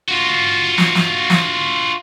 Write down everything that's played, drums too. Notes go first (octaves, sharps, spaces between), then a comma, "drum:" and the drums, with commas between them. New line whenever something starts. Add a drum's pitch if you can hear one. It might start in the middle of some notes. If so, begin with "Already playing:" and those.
F4 F#4
drum: snare
drum: snare
drum: snare